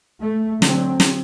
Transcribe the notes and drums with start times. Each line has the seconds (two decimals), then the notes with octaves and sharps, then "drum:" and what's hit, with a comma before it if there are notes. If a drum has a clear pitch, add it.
0.23 A3
0.62 D3 F#3 C4, drum: snare
1.00 drum: snare